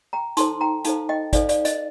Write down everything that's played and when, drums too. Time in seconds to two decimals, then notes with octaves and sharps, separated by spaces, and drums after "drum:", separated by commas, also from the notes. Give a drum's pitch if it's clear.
0.13 G5 A#5
0.37 D#4 A4 C5 A5 C6, drum: hi-hat
0.61 G5 A#5
0.85 D#4 A4 C5 F5 A5, drum: hi-hat
1.09 D#5 G5
1.33 D#4 A4 C5 D5 F5, drum: kick G#1, hi-hat
1.49 D5 F5, drum: hi-hat
1.65 D#5, drum: hi-hat